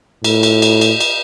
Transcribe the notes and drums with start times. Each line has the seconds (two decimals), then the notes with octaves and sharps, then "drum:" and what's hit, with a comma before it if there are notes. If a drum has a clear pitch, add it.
0.24 A2, drum: cymbal
0.43 drum: cymbal
0.62 drum: cymbal
0.81 drum: cymbal
1.00 drum: cymbal